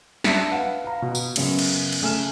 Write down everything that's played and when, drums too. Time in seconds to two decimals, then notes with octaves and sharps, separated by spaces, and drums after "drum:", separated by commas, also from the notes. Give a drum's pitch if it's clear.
0.24 D4 E5 A5, drum: snare
0.50 B4 F5 F#5
0.84 F5 A#5
1.02 B2
1.15 drum: tambourine
1.36 F#2 C#3 B3 G#4, drum: cymbal
1.59 drum: cymbal
1.92 drum: cymbal
2.02 C#3 A3 G#5 F6 E7